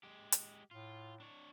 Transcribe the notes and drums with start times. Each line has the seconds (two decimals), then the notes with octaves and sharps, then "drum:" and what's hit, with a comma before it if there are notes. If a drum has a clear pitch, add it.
0.03 G#3 G4
0.32 drum: hi-hat
0.71 A2 F4
1.20 D4 C#5